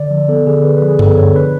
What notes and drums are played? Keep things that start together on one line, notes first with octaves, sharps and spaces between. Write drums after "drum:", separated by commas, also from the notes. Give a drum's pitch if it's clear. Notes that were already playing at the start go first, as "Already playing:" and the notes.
Already playing: D3 D5
F3
B3 A4
D3 G#4
D3 B4
B4
F3
G#4
B3 A4, drum: tom F#2
D3 C#5
D4 B4